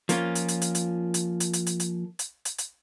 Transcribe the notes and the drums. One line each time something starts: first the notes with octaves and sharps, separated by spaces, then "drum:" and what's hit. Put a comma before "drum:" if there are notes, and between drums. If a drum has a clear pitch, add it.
F3 A#3 C#4 F4, drum: hi-hat
drum: hi-hat
drum: hi-hat
drum: hi-hat
drum: hi-hat
drum: hi-hat
drum: hi-hat
drum: hi-hat
drum: hi-hat
drum: hi-hat
drum: hi-hat
drum: hi-hat
drum: hi-hat